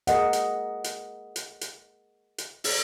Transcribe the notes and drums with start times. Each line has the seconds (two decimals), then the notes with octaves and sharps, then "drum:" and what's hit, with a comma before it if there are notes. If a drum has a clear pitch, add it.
0.07 G#4 A#4 D#5 F#5, drum: hi-hat
0.33 drum: hi-hat
0.84 drum: hi-hat
1.36 drum: hi-hat
1.61 drum: hi-hat
2.38 drum: hi-hat
2.64 drum: open hi-hat